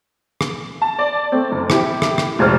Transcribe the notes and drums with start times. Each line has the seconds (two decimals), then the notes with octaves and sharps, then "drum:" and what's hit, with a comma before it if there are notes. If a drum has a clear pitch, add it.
0.41 drum: rim click
0.82 A5
0.99 D5
1.32 A3 C4
1.52 F#1
1.70 E4 G4, drum: rim click
2.02 drum: rim click
2.18 drum: rim click
2.39 F1 A#2 G#3 C5 F6